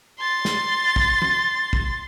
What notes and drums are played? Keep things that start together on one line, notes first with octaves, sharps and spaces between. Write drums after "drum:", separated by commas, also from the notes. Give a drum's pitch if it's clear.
C6 A6
drum: snare
drum: kick
drum: tom
drum: kick